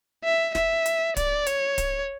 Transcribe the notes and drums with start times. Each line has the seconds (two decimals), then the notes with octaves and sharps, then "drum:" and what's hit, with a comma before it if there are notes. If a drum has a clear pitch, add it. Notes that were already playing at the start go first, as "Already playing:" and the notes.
0.24 E5
0.55 E5, drum: snare
0.86 drum: hi-hat
1.17 D5, drum: kick D1, hi-hat
1.46 C#5, drum: hi-hat
1.78 drum: kick D1, hi-hat